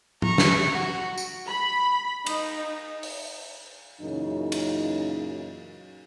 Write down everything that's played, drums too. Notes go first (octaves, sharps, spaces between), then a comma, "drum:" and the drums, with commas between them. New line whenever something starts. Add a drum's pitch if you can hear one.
A#5 C#6, drum: tom
drum: snare
F#4
drum: tambourine
B5
D#4, drum: cymbal
drum: open hi-hat
F#2 A#2 C#3 E3 F#3 D#4
drum: cymbal